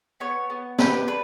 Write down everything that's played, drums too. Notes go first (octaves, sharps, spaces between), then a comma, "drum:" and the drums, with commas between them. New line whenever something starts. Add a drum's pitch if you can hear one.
B3 C#5
B3
G4 B4, drum: snare
D4 B4